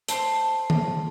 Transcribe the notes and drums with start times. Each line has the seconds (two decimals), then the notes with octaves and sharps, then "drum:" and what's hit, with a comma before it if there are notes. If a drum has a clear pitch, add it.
0.08 A3 C5, drum: hi-hat
0.70 drum: tom D#3